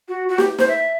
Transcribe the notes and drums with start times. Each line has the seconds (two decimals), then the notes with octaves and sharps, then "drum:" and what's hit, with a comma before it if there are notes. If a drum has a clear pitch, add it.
0.08 F#4
0.29 F#4
0.38 G4, drum: snare
0.58 C5, drum: snare
0.68 E5